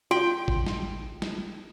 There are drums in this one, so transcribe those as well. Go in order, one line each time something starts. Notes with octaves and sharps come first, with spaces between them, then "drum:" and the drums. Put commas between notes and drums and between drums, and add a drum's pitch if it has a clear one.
F4 F#4 G5 C6
drum: kick G#1
drum: snare
drum: snare